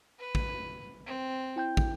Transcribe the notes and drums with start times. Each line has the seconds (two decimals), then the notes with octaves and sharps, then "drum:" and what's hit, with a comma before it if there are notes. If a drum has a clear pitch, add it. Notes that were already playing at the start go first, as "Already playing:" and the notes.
0.20 B4
0.35 drum: kick
1.06 C4
1.56 E4 G5 G6
1.77 drum: kick